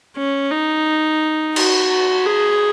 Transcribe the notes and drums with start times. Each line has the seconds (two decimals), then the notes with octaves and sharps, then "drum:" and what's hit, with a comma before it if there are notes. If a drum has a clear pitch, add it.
0.17 C#4
0.52 D#4
1.56 F#4, drum: cymbal
2.26 G#4